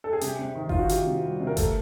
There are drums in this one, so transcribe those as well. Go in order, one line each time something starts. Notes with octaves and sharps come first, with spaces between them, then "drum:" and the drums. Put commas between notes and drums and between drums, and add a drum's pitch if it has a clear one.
A4
G#4
C3 G4, drum: hi-hat
C3
D#3
D#3 F4, drum: kick G1
F#4
D#3 G4, drum: hi-hat
C3
G3
C3
A#4
A3 A4, drum: kick G1, hi-hat